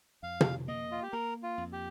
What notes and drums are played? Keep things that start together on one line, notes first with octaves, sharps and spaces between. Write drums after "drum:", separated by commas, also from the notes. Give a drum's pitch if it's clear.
F2 F5
drum: tom
A#3 D#5
F4
G4
A#3 A#4
F4
F2
G4